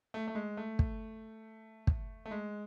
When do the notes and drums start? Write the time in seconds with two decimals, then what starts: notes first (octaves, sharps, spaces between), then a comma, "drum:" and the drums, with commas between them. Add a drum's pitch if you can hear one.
0.14 A3
0.28 A3
0.35 G#3
0.57 A3
0.79 drum: kick
1.87 drum: kick
2.26 A3
2.31 G#3